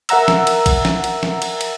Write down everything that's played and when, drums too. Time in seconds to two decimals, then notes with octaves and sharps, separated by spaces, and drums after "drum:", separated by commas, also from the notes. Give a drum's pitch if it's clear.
0.09 A#4 E5 F#5 A#5 E6, drum: cymbal
0.28 drum: snare
0.47 drum: cymbal
0.66 drum: kick, cymbal
0.85 drum: snare
1.04 drum: cymbal
1.23 drum: snare
1.42 drum: cymbal
1.61 drum: cymbal